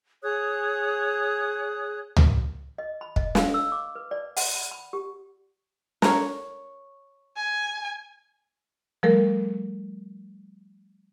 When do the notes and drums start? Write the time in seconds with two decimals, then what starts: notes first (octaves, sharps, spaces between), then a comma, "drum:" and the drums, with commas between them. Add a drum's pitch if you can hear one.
0.23 G#4 C#5 D#6 F#6
2.16 drum: tom C#2
2.78 D#5
3.01 B5
3.16 D#5, drum: kick
3.35 F5, drum: snare
3.54 E6
3.72 D6
3.95 B4
4.11 D5
4.36 F#5, drum: open hi-hat
4.55 B5
4.71 B5
4.93 G4
6.02 A#4 C#5, drum: snare
7.37 G#5
9.03 F3 G3 A3 A4 A#4